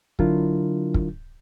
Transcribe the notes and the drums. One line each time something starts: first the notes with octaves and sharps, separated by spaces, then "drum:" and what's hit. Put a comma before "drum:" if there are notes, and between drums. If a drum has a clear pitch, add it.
D3 F#3 D4 E4 F4 A#4, drum: kick
drum: kick